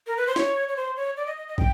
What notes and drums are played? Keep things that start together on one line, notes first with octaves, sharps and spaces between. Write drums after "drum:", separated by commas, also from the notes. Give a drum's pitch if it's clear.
A#4
B4
C5
C#5, drum: snare
C#5
C5
C#5
D5
D#5
D#5
D#5
G5, drum: kick